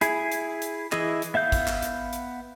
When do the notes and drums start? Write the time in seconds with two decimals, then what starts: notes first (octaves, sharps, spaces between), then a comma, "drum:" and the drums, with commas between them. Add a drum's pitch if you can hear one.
0.01 E4 G#4, drum: hi-hat
0.32 drum: hi-hat
0.62 drum: hi-hat
0.92 E3 E4 G#4 D#5, drum: clap
1.22 drum: hi-hat
1.34 B3 E5 F5 G6
1.52 drum: kick, hi-hat
1.67 drum: clap
1.82 drum: hi-hat
2.13 drum: hi-hat